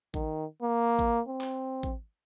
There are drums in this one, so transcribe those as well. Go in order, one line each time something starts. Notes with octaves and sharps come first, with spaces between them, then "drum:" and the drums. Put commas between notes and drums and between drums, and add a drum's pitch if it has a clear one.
D#3, drum: kick A1
A#3
drum: kick A1
C4
drum: clap
drum: kick A1